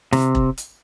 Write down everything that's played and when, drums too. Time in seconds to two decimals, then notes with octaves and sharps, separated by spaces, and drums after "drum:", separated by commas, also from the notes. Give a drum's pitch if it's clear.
0.13 C3, drum: snare
0.35 drum: kick E1
0.58 drum: hi-hat